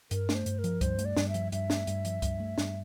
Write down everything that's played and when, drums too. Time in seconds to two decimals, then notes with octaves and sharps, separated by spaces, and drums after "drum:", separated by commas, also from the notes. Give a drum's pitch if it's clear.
0.11 G2 A#4, drum: hi-hat
0.29 A3, drum: snare
0.34 C5
0.46 G2, drum: hi-hat
0.59 A#4
0.64 F3, drum: hi-hat
0.81 G2 C5, drum: kick C#2, hi-hat
0.99 A3, drum: hi-hat
1.05 D5
1.17 G2, drum: snare
1.29 E5
1.34 F3, drum: hi-hat
1.52 G2 E5, drum: hi-hat
1.70 A3, drum: snare
1.87 G2, drum: hi-hat
2.05 F3, drum: hi-hat
2.22 G2, drum: kick C#2, hi-hat
2.40 A3
2.58 G2, drum: snare